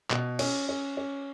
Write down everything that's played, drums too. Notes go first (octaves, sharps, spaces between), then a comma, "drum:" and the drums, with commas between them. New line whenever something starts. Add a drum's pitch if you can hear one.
B2, drum: clap
C#4, drum: cymbal
C#4
C#4